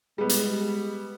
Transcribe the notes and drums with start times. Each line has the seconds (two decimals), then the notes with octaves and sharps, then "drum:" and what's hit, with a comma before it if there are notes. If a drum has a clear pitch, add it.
0.18 G3 G#3 B3
0.29 drum: hi-hat